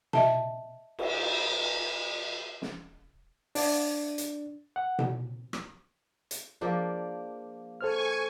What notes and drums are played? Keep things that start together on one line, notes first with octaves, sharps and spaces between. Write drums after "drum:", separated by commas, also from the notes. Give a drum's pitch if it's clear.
D#5 E5 A5, drum: tom B2
drum: cymbal
drum: snare
D4, drum: open hi-hat
drum: hi-hat
F#5
drum: tom B2
drum: rim click
drum: hi-hat
F3 A#3 D4 G#4 A#4 F5
A4 C5 G#5 C#6 F6